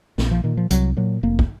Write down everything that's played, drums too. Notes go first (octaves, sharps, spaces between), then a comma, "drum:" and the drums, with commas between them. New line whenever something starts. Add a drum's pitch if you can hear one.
A#1 C4, drum: snare
F3
A#2 D#3
F3
C2 F#3, drum: hi-hat
A#2 F#3
F1 A#3
drum: kick